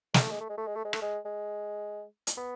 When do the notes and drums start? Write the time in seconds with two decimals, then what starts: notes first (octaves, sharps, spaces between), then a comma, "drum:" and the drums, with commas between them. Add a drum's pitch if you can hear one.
0.14 G#3, drum: snare
0.22 A3
0.31 G#3
0.40 A3
0.49 G#3
0.57 A3
0.67 G#3
0.76 A3
0.85 G#3
0.93 A3, drum: rim click
1.02 G#3
1.25 G#3
2.27 drum: hi-hat
2.37 B3